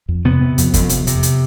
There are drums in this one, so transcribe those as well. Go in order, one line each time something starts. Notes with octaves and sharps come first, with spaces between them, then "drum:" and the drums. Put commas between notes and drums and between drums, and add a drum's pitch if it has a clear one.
F2
C3 B3
C3
F2, drum: hi-hat
F2, drum: kick, hi-hat
C3, drum: hi-hat
C3, drum: hi-hat
drum: hi-hat